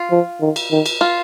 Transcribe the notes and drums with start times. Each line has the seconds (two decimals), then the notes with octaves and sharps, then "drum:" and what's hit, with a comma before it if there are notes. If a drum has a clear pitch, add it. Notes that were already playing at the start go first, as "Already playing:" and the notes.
Already playing: F4
0.11 F3
0.41 D#3
0.56 drum: cymbal
0.71 D#3
0.86 drum: cymbal
1.01 F4